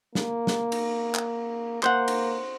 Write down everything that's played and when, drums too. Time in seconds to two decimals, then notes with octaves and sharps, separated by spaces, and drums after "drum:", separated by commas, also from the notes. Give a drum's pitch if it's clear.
0.15 A#3, drum: snare
0.47 drum: snare
0.72 drum: cymbal
1.15 drum: clap
1.83 A#3 C5 F#5, drum: clap
2.08 drum: cymbal